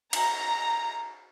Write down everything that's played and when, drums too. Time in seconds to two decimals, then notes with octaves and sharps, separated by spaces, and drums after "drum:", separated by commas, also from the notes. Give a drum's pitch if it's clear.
0.13 A#5, drum: cymbal